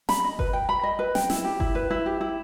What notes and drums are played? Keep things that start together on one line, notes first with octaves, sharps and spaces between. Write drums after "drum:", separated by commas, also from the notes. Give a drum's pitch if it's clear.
B5, drum: snare
D#5
B4, drum: kick G1
G5
B5
D#5
B4
G5, drum: snare
E4, drum: snare
G4
E4, drum: kick G1
B4
E4
G4
E4